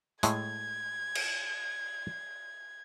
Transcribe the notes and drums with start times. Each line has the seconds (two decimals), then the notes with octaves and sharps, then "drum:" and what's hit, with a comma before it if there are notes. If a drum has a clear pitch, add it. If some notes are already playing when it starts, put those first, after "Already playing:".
0.23 A2 G#3 A3 G#6, drum: hi-hat
1.15 drum: cymbal